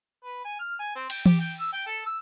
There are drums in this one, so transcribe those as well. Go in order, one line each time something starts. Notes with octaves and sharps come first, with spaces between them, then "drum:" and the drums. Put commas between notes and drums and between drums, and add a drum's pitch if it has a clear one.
B4
G#5
F6
G#5
C4
G5, drum: cymbal
G4, drum: tom E3
G5
E6
G5
A4
E6